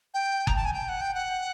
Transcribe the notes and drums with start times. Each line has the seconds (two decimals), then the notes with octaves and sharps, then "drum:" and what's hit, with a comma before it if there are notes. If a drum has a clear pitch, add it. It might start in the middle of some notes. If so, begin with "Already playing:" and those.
0.14 G5
0.47 A#5, drum: kick F#1
0.56 A5
0.65 G#5
0.73 G5
0.89 F#5
1.01 G5
1.14 F#5